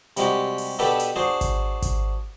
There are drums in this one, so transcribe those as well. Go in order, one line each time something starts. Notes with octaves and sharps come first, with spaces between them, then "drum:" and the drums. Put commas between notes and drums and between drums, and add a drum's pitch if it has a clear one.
C3 G3 G#3 F#4 G4, drum: hi-hat
drum: open hi-hat
B2 B3 D4 G4 A4 B4
drum: hi-hat
D4 F#4 G#4 C5
drum: kick G#1, hi-hat
drum: kick G#1, hi-hat